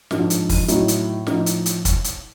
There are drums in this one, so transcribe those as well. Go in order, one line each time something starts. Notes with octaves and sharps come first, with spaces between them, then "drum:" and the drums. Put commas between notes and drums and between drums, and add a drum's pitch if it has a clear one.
G#2 F3 D4, drum: snare
drum: hi-hat
drum: kick, open hi-hat
A2 F#3 D#4, drum: hi-hat
drum: hi-hat
A2 F3 D#4, drum: snare
drum: hi-hat
drum: hi-hat
drum: kick, hi-hat
drum: hi-hat